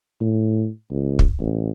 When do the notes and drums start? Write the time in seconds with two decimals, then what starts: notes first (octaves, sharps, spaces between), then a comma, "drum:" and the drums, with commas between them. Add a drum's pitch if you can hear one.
0.21 A2
0.91 C#2
1.19 drum: kick
1.40 A1